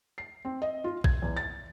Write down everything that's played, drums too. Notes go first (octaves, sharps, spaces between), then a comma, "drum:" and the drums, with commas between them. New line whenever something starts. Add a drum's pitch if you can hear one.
C7
C4
D#5
F4
G#6, drum: kick A#1
E2
A6